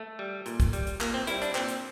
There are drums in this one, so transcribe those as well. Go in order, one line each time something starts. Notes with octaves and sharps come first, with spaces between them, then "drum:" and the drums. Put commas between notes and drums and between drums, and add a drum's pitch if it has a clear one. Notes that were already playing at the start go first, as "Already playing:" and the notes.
Already playing: A3
G3
A#2, drum: hi-hat
drum: kick, hi-hat
G3, drum: hi-hat
drum: hi-hat
A#2 A#3, drum: clap
C4
G3 E4, drum: hi-hat
D4, drum: hi-hat
A#2 C4, drum: clap
drum: hi-hat